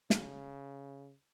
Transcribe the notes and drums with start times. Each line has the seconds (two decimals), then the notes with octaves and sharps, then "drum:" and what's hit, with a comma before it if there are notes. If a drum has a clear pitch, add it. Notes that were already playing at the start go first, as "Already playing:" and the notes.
0.10 C#3, drum: snare